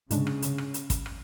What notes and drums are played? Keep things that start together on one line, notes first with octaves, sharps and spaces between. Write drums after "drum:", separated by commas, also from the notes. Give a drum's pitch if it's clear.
G#2 C#3 G#3 D4, drum: hi-hat
drum: rim click
drum: hi-hat
drum: rim click
drum: hi-hat
drum: kick, hi-hat
drum: rim click